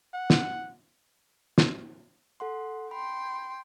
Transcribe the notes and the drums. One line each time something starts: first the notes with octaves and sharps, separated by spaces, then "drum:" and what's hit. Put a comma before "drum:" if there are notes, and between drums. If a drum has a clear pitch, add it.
F#5
drum: snare
drum: snare
A4 F#5 C6
G5 B5 C6